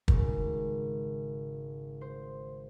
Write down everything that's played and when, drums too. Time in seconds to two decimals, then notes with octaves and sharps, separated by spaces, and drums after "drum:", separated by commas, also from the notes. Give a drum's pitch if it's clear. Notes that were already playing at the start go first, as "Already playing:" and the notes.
0.08 G#1 C#3, drum: kick
2.01 C5